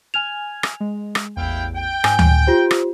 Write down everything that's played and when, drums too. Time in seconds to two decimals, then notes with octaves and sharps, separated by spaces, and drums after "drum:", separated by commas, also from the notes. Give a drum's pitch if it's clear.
0.14 G#5 F6 G#6 F7
0.63 drum: rim click
0.80 G#3
1.15 drum: rim click
1.37 A1 E2 E4 F5 G5
1.76 G5
2.04 G#2 G#5, drum: rim click
2.19 drum: tom D2
2.47 F4 G4 C5
2.71 drum: rim click